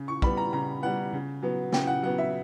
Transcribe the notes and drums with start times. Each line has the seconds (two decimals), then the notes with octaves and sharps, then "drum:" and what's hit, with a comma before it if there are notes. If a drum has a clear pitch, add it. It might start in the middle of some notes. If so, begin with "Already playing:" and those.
Already playing: C#3
0.08 C#6
0.22 G3 B3 B5, drum: kick
0.37 A#5
0.53 C#3 A#5
0.82 G3 B3 F#5
1.13 C#3
1.42 F#3 B3
1.72 C#3 G5, drum: snare
1.87 F#5
2.03 F#3 B3 F#5
2.18 E5